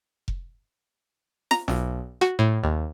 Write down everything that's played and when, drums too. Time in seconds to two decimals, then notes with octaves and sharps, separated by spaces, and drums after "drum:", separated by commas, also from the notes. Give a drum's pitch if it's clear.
0.28 drum: kick F1
1.51 A#5, drum: snare
1.68 B1, drum: snare
2.21 F#4, drum: rim click
2.39 A2
2.64 D#2